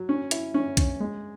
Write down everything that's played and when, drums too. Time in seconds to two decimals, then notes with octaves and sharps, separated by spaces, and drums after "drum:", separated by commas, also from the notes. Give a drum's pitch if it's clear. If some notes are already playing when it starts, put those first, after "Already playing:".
Already playing: F#3
0.09 C#4
0.31 E4, drum: hi-hat
0.54 C#4
0.77 C#4, drum: kick C2, hi-hat
1.00 G#3